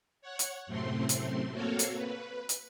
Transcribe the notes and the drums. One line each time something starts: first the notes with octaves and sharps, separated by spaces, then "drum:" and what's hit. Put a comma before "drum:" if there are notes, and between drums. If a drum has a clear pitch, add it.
C#5 F#5
drum: hi-hat
F#2 A2 C3 A3 C4 C6
drum: hi-hat
A#3 C4 F#4 A4 C#5 F5
drum: hi-hat
B4
drum: hi-hat